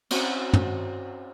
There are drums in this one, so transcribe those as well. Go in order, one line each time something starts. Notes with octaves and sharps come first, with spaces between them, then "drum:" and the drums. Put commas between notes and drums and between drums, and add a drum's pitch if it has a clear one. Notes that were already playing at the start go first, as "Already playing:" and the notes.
C4 C#4 F#4, drum: cymbal
drum: tom G2